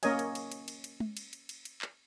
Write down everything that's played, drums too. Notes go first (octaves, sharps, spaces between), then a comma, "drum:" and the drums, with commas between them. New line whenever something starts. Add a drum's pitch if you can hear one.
A#3 C#4 A#4 C#5 D#5 G#5, drum: cymbal
drum: cymbal
drum: cymbal
drum: cymbal
drum: cymbal
drum: cymbal
drum: tom G#3
drum: cymbal
drum: cymbal
drum: cymbal
drum: cymbal
drum: clap